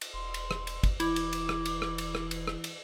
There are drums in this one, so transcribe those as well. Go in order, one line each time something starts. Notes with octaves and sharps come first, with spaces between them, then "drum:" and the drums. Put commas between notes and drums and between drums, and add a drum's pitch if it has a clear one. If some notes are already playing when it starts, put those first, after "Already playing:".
drum: cymbal
E1 C6
drum: cymbal
drum: rim click
drum: cymbal
drum: kick, cymbal
E1 E3 E4 D6, drum: cymbal
drum: cymbal
drum: cymbal
drum: rim click
drum: cymbal
drum: rim click
drum: cymbal
drum: rim click
drum: cymbal
drum: rim click
drum: cymbal